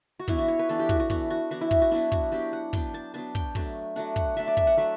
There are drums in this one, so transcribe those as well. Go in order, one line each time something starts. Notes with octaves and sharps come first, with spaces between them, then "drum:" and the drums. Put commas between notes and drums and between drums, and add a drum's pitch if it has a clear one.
F#4
E3 B3 D4 E4, drum: kick
F#4
C#5
B4
E3 B3 D4 A4
G4
F#4, drum: kick
F#4
E3 B3 D4 F#4, drum: kick
F#4
E3 B3 D4 F#4
E4
F#4, drum: kick
F#4
F#3 B3 D4 E4
F#4, drum: kick
F#3 B3 D4 G4
F#5
F#3 B3 D4 G5, drum: kick
A5
F#3 B3 D4 A5
G5, drum: kick
F#3 A3 D4, drum: kick
F#3 A3 D4 F#5
F#5, drum: kick
F#3 A3 D4 E5
D5
E5, drum: kick
F#5
F#3 A3 D4 E5